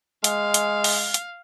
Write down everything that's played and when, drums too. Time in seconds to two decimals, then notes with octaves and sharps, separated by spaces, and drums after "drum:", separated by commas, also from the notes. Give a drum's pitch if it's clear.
0.24 G#3 F5, drum: hi-hat
0.54 drum: hi-hat
0.84 drum: open hi-hat
1.14 drum: hi-hat